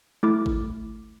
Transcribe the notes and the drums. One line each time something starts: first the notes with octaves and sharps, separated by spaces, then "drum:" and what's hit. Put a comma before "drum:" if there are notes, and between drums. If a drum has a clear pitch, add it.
A3 E4 D6
drum: kick G#1